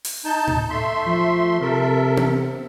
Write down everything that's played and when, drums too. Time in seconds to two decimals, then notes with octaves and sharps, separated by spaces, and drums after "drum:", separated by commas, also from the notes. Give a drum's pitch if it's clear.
0.05 drum: open hi-hat
0.25 D#4 A5 G6
0.47 drum: tom A2
0.70 A3 E5 C6
1.06 F3
1.61 C3 A4 A#4 E5
2.17 drum: tom B3